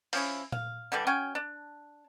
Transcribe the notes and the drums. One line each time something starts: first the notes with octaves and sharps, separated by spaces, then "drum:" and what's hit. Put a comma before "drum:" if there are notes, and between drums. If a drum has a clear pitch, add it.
F3 C#4 E4, drum: open hi-hat
F5, drum: tom A#2
D3 E3 G3 D4
C#4 F#4 G5 G#5
D4